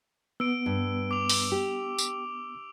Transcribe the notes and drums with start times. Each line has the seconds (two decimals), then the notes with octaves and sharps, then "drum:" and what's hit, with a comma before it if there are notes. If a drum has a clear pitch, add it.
0.40 B3 E6 D7
0.66 G2
1.11 D6 F7
1.30 drum: open hi-hat
1.52 G4
1.98 drum: tambourine